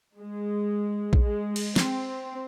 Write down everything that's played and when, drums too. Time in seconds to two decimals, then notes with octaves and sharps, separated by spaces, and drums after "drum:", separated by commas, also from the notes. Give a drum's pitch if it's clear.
0.20 G#3
1.13 drum: kick
1.22 G#3
1.56 drum: cymbal
1.76 C4, drum: snare